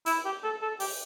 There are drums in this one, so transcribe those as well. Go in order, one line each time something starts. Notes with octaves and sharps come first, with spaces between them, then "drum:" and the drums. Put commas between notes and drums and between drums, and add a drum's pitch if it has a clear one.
E4, drum: hi-hat
G4
A4
A4
G4, drum: open hi-hat